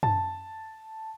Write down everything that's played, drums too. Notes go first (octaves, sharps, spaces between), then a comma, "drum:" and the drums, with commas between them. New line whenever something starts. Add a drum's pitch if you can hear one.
A5, drum: tom